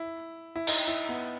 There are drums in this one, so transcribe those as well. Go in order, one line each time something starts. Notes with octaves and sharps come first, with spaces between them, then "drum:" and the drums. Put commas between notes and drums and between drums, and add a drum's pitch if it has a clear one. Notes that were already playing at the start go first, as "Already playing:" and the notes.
Already playing: E4
E4
D#4, drum: cymbal
E4
B3